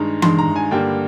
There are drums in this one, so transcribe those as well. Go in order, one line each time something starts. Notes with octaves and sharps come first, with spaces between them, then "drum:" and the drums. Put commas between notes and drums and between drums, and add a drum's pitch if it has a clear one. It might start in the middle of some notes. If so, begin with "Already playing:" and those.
Already playing: G2 D#3 G#3 A#5
G2 D#3 G#3 C6, drum: tom E3
A#5
G#5
G2 D3 G3 A#3 G5